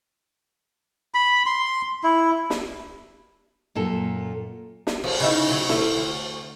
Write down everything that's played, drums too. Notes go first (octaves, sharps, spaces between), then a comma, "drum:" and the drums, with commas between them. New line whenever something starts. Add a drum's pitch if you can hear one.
B5
C6
E4
drum: snare
F#2 A#2 A4
drum: snare
F3, drum: cymbal
C#3 D#4 E4
D2 C#3 F#3
F3 A3 E4, drum: snare
D2